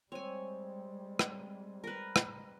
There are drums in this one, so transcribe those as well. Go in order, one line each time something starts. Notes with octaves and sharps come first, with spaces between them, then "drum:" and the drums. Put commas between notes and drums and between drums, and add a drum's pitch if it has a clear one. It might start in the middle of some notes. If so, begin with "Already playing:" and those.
G3 G#3 C4 C#5 G#5
drum: rim click
A#4 B4
drum: rim click